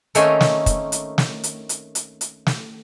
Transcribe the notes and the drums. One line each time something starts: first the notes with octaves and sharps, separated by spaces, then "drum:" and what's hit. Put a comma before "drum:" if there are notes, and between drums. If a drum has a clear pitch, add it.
D#3 A3 A#3 C4 C#4 D#4, drum: hi-hat
drum: snare
drum: kick, hi-hat
drum: hi-hat
drum: snare
drum: hi-hat
drum: hi-hat
drum: hi-hat
drum: hi-hat
drum: snare